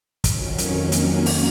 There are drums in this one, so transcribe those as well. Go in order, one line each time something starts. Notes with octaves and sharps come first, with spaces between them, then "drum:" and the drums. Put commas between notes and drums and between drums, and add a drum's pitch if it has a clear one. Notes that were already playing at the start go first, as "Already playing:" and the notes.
F2 D#3 F#3 C#4, drum: kick, hi-hat
A#3, drum: hi-hat
drum: hi-hat
drum: open hi-hat